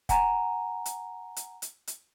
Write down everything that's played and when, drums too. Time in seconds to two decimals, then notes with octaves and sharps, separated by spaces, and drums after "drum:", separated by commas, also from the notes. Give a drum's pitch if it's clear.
0.09 F#5 G#5 A#5, drum: kick, hi-hat
0.86 drum: hi-hat
1.36 drum: hi-hat
1.62 drum: hi-hat
1.87 drum: hi-hat